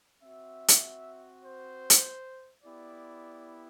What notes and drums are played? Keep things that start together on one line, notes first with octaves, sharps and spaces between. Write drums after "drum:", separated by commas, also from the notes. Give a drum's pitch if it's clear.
C4 F#4 E5
drum: hi-hat
C5
drum: hi-hat
B3 E4 G4 D5